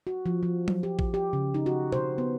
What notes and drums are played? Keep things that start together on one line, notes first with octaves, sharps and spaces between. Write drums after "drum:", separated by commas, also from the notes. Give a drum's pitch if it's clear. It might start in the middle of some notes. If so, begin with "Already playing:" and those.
F#4
F3
F3
drum: tom F#3
G4
drum: kick
G4
C#3
D#4
F#4
C5, drum: tom B2
B3